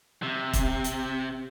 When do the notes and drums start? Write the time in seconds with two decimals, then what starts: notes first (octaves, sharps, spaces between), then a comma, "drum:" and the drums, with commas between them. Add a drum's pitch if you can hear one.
0.23 C3
0.53 drum: kick, hi-hat
0.84 drum: hi-hat